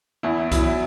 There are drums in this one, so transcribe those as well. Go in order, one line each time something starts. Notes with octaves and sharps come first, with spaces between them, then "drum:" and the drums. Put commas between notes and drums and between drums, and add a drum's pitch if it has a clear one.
E2 E4
F#3 E4, drum: kick C2, hi-hat